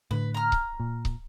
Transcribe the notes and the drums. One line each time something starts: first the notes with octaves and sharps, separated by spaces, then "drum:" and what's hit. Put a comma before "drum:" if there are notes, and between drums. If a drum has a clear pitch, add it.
A2 D3 B4
A#5 F6
drum: kick C#1
A#2
drum: kick C#1